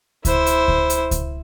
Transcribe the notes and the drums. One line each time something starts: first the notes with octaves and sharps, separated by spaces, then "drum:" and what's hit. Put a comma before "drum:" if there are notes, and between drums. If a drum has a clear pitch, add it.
E4 C5, drum: kick C#2, hi-hat
drum: hi-hat
drum: kick C#2
drum: hi-hat
drum: kick C#2, hi-hat